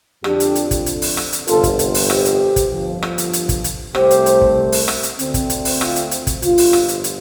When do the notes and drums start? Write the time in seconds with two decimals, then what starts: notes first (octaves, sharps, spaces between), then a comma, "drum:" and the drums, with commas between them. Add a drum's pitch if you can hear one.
0.24 F2 D3 F3 C4 D4 G4, drum: rim click
0.40 drum: hi-hat
0.55 drum: hi-hat
0.71 drum: kick, hi-hat
0.86 drum: hi-hat
1.02 drum: open hi-hat
1.17 drum: rim click
1.33 drum: hi-hat
1.47 G1 F2 C3 F4 A4, drum: hi-hat
1.64 drum: kick, hi-hat
1.79 drum: hi-hat
1.94 drum: open hi-hat
2.10 G4 C5, drum: rim click
2.25 drum: hi-hat
2.56 drum: kick, hi-hat
2.71 G1 F2 D3 F3
3.03 drum: rim click
3.18 drum: hi-hat
3.33 drum: hi-hat
3.49 drum: kick, hi-hat
3.64 drum: hi-hat
3.95 C2 C3 A3 G4 C5, drum: rim click
4.11 drum: hi-hat
4.26 drum: hi-hat
4.41 drum: kick
4.72 drum: open hi-hat
4.88 drum: rim click
5.03 drum: hi-hat
5.19 D2 D3 A3 C4, drum: hi-hat
5.34 drum: kick, hi-hat
5.50 drum: hi-hat
5.65 drum: open hi-hat
5.81 F4, drum: rim click
5.96 drum: hi-hat
6.11 drum: hi-hat
6.27 drum: kick, hi-hat
6.42 G1 F2 F3 F4, drum: hi-hat
6.58 drum: open hi-hat
6.73 drum: rim click
6.89 drum: hi-hat
7.04 drum: hi-hat